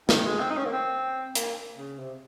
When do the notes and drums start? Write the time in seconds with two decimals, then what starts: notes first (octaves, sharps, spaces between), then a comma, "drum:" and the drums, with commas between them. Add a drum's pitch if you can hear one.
0.09 D#3, drum: snare
0.25 G#3
0.41 C4
0.51 D#4
0.57 C#4
0.66 A#3
0.73 C4
1.35 A#3, drum: hi-hat
1.77 C#3
1.99 C3